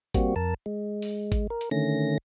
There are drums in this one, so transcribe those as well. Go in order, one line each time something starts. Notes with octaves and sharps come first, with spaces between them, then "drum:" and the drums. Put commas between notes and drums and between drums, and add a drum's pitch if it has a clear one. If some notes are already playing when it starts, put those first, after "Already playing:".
G3 A#3 C4 F#4, drum: kick G#1, hi-hat
F2 A#4 A5
G#3
drum: open hi-hat
drum: kick G#1, hi-hat
A#4
drum: hi-hat
D3 D#3 A3 C#4 A#6